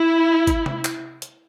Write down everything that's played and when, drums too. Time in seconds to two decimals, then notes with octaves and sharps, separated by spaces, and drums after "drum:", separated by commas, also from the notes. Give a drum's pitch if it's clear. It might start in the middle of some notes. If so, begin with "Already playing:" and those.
Already playing: E4
0.47 drum: kick, hi-hat
0.66 drum: tom C3
0.85 drum: clap
1.22 drum: hi-hat